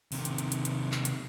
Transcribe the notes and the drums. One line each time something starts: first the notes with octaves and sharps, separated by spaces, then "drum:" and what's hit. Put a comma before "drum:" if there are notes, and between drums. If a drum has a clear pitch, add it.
C3 D#3, drum: open hi-hat
drum: hi-hat
drum: hi-hat
drum: hi-hat
drum: hi-hat
drum: clap
drum: hi-hat